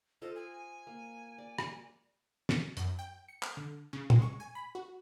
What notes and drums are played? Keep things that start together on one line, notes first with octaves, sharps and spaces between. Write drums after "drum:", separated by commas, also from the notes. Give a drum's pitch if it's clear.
F4 A4 C5 D#5
G#5
A#3
D5
drum: rim click
A6, drum: snare
F#2, drum: hi-hat
G5
C#7
F6, drum: clap
D3
C#3
G#3, drum: tom
C#6
G#5
B5
F#4